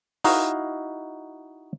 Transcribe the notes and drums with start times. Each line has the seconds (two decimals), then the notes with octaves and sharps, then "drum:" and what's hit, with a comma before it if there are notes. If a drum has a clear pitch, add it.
0.24 D#4 E4 F#4 D#5 F5, drum: open hi-hat